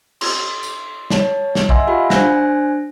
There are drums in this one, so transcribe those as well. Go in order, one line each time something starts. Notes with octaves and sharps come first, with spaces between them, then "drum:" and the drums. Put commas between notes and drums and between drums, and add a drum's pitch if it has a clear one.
C6, drum: cymbal
drum: tambourine
C#5 A5, drum: snare
drum: snare
D#5 E5 F#5 G#5 C6 E6, drum: kick
F4 G4 F5 F#5 B5
D4 C5 G#5 F#6 A#6, drum: snare